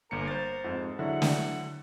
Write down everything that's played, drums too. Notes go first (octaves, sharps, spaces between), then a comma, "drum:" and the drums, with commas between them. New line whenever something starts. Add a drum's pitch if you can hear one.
G1 A#3 A#4 C#7
C5 A6
F2 G#2
D3 F#3 G#3 E4 F#5
drum: snare